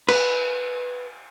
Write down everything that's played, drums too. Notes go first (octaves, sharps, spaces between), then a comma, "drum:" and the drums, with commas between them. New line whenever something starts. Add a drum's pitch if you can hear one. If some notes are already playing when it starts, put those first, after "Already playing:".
B4, drum: cymbal